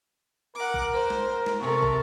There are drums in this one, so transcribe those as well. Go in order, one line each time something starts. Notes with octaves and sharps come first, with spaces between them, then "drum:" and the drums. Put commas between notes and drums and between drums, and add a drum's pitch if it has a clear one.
A#4 F#5 D6
drum: kick
C5
drum: snare
drum: snare
C3 A4 A#4 C#6
drum: kick